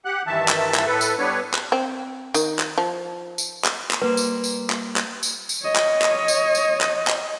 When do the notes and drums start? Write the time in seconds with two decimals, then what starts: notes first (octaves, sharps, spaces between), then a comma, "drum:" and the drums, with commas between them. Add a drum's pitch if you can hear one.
0.05 G4 F#5 F#6
0.27 G2 D#3 E3 E5 A5
0.48 drum: clap
0.75 drum: clap
0.86 A2 A4 B4
1.01 drum: tambourine
1.19 G3 B3 D4 B4 C#5
1.54 drum: clap
1.72 C4
2.34 D#3, drum: tambourine
2.59 drum: clap
2.78 F3
3.38 drum: tambourine
3.65 drum: clap
3.91 drum: clap
4.02 G3 A#3 B4 C5
4.17 drum: tambourine
4.44 drum: tambourine
4.70 drum: clap
4.96 drum: clap
5.23 drum: tambourine
5.49 drum: tambourine
5.62 C#5 D#5
5.76 drum: clap
6.02 drum: clap
6.28 drum: tambourine
6.55 drum: tambourine
6.81 drum: clap
7.07 drum: clap